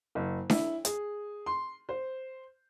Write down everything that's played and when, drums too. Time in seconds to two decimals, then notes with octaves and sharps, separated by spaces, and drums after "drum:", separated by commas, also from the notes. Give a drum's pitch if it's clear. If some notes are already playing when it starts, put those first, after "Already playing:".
0.15 F#1
0.50 E4, drum: snare D4
0.85 G#4, drum: hi-hat
1.46 C6
1.89 C5